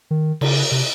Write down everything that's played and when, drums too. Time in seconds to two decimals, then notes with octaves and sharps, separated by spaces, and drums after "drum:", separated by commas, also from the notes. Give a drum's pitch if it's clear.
0.11 D#3
0.41 C#3, drum: cymbal
0.72 C3